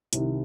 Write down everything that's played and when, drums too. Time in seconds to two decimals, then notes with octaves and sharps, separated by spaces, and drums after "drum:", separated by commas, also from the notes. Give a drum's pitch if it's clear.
0.13 C2 C3 D#3, drum: hi-hat